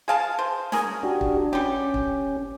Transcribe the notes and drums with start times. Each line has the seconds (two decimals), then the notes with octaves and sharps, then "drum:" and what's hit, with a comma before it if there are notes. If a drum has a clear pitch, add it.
0.08 G#4 F5 A5
0.39 C5
0.72 C#4 G#4 A#4, drum: snare
1.03 D4 F#4 G4
1.21 drum: kick
1.53 G3 C#4 G4
1.94 drum: kick